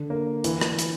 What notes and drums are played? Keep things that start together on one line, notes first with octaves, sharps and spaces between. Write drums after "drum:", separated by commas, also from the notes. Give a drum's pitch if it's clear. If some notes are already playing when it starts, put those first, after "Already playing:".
Already playing: D3
A#3
E3, drum: hi-hat
drum: rim click
drum: hi-hat